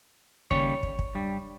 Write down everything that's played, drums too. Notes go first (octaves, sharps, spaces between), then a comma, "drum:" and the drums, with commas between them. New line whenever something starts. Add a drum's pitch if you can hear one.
D#2 C#3 G3 C#5, drum: kick
drum: kick
drum: kick
G2 G3